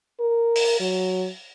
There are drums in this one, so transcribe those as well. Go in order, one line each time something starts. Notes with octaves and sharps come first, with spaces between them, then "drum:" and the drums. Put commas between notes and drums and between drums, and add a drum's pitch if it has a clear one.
A#4
drum: open hi-hat
F#3